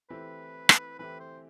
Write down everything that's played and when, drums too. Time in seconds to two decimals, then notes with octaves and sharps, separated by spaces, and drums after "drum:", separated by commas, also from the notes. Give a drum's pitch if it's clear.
0.10 E3 A3 C4 E4 G4 B4
0.69 drum: rim click
0.99 E3 A3 C4 E4 G4 B4
1.20 C5